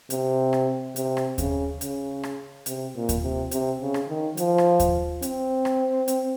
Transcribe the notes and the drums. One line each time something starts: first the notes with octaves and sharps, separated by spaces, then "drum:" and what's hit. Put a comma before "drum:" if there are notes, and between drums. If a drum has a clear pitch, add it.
C3, drum: hi-hat
drum: rim click
C3, drum: hi-hat
drum: rim click
C#3, drum: kick D#2, hi-hat
C#3, drum: hi-hat
drum: rim click
C3, drum: hi-hat
A#2
drum: kick D#2, hi-hat
C3
C3, drum: hi-hat
C#3
drum: rim click
D#3
F3, drum: hi-hat
drum: rim click
drum: kick D#2, hi-hat
C4, drum: hi-hat
drum: rim click
drum: hi-hat